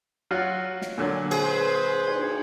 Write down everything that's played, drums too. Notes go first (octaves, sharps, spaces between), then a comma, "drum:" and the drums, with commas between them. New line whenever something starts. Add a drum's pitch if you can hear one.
F#3 F4 F#4
drum: snare
A#2 D3 F#3
G#4 B4 C5, drum: cymbal
drum: cymbal